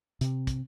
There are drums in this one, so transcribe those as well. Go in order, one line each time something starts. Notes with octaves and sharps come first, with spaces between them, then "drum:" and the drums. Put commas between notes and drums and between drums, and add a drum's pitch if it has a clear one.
C3, drum: hi-hat
drum: kick, hi-hat